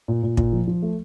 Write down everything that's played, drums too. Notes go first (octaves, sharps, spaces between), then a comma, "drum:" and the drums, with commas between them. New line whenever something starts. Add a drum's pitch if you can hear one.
A#2
A#2
A#2, drum: kick
F3
F3
A3